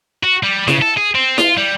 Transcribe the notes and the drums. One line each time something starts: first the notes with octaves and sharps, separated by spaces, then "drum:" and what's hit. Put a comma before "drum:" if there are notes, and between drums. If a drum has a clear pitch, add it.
F#4
G3
C#3, drum: snare E4
A4
G#4
C4
F4, drum: snare E4
G3